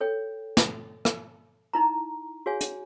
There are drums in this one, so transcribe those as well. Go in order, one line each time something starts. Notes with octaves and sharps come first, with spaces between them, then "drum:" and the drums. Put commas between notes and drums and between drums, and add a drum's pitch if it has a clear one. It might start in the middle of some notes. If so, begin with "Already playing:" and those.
A4 C#5 G5
drum: snare
drum: rim click
D#4 E4 A#5
F#4 G#4 C#5 F5 G#5
drum: hi-hat